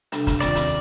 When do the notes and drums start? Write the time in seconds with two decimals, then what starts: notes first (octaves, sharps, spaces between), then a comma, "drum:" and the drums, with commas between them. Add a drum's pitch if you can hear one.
0.12 C3 G3 D4 A4, drum: hi-hat
0.27 drum: kick, hi-hat
0.40 D#2 D#3 G3 C4 F4 D5, drum: hi-hat
0.55 drum: hi-hat